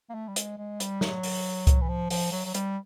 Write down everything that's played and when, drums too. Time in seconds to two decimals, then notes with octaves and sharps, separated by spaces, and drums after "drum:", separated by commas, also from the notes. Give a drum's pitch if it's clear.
0.10 A#3
0.14 A3
0.28 G3
0.36 G#3, drum: hi-hat
0.58 G#3
0.80 G3, drum: hi-hat
1.01 F#3, drum: snare
1.23 drum: open hi-hat
1.67 drum: kick C2, hi-hat
1.81 E3
1.89 F3
2.10 F3, drum: open hi-hat
2.32 F#3
2.46 F#3
2.54 G3, drum: hi-hat